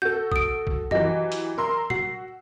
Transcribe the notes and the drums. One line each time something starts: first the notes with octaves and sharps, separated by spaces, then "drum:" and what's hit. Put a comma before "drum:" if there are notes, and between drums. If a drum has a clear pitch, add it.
F#4 A4 G6
D#6 D7, drum: kick
drum: kick
E3 F#3 G4 D#5 A#6, drum: tom F#2
drum: hi-hat
A#4 C6 E6
F#4 C7, drum: tom